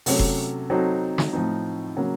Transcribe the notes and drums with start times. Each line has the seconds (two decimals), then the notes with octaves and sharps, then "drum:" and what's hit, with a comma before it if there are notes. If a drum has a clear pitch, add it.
0.06 C3 F#3 A3 C#4, drum: open hi-hat
0.19 drum: kick F1
0.70 F#3 C4 D#4 F#4 A4
1.18 drum: snare
1.33 A2 F3 C4 D#4
1.96 C#3 F#3 A#3